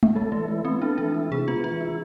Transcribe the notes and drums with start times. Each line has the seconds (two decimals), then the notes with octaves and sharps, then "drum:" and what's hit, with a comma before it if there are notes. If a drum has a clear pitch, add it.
0.03 drum: tom G#3
0.16 G#3 A4
0.32 E3 A3
0.48 E4
0.65 B3 C4
0.82 D4 A4
0.98 E3 D4
1.15 E4
1.31 C3 G#4
1.48 B3 F4
1.64 E3 F4
1.81 E4